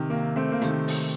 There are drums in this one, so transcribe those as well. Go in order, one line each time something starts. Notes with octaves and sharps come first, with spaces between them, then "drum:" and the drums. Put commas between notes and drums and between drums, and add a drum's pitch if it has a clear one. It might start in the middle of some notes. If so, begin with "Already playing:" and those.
Already playing: C3 D#3
A#3
A3 C4
A#3
C3 D#3 A3 C4, drum: hi-hat
drum: open hi-hat